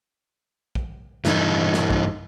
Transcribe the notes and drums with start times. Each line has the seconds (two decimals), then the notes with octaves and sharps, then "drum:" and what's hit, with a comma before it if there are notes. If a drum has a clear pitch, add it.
0.75 drum: kick A#1
1.25 G2 E3 D#4 E4, drum: snare
1.74 drum: snare
1.90 drum: kick A#1